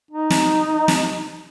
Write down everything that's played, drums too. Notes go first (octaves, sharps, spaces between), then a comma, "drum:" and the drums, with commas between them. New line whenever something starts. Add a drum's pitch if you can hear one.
D#4
drum: snare
drum: snare